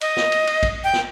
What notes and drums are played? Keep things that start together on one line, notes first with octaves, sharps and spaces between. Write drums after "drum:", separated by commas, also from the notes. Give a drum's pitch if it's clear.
D#5, drum: cymbal
drum: snare
drum: cymbal
drum: cymbal
drum: kick A1, cymbal
G5
drum: snare